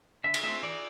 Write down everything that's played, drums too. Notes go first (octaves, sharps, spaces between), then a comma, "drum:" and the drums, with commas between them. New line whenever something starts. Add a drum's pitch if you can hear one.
D3 E5
drum: cymbal
A3 C4 E5
E3 D5